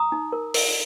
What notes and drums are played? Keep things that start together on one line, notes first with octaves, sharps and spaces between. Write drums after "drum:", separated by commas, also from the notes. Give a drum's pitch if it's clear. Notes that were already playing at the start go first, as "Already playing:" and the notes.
Already playing: A#5 D#6
D#4
A#4
A#4, drum: open hi-hat